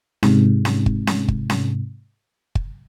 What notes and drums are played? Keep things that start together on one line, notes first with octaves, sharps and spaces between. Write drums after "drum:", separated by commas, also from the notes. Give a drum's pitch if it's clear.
G#2 C3, drum: snare C#4
drum: snare C#4
drum: kick
drum: snare C#4
drum: kick
drum: snare C#4
drum: kick